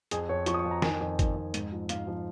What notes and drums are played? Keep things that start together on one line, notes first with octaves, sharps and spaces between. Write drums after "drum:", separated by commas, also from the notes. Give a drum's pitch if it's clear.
F2 G#4, drum: hi-hat
F2 C#5
F3 C#6, drum: hi-hat
D#6
C#6
F2
A#5
D#3 G#5, drum: snare
F2
D#3, drum: kick, hi-hat
F2
G#2, drum: hi-hat
F3
G#2 F5, drum: hi-hat
F3